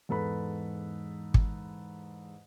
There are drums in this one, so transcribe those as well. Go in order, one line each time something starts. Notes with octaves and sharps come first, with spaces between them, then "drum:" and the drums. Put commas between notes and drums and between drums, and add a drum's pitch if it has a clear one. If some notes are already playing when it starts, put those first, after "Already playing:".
E2 G#2 A4 B4 B5
drum: kick